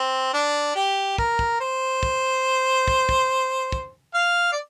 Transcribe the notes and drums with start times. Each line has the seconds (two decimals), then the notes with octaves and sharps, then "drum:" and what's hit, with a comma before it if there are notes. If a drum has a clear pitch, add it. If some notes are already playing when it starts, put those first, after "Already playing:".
Already playing: C4
0.34 D4
0.76 G4
1.18 A#4, drum: kick
1.39 drum: kick
1.60 C5
2.03 drum: kick
2.88 drum: kick
3.09 drum: kick
3.72 drum: kick
4.14 F5
4.52 D5